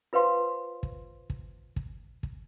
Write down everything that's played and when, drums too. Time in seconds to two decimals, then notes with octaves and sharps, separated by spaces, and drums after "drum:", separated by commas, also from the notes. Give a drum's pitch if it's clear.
0.13 F4 B4 C5 F5 C6
0.83 drum: kick
1.30 drum: kick
1.76 drum: kick
2.23 drum: kick